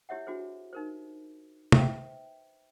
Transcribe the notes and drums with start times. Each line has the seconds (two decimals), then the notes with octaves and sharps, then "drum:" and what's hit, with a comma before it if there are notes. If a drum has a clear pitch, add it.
0.09 E4 G4 C#5 E5 F#5
0.27 D4 F#4 G#4 C5
0.73 D#4 A#4 C5
1.72 B4 C5 E5 F5 G5, drum: tom C3